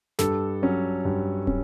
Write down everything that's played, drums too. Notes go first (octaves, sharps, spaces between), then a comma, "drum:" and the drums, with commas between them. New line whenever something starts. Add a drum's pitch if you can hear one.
G2 A4, drum: snare
F#3 C#4
G2
C#4, drum: kick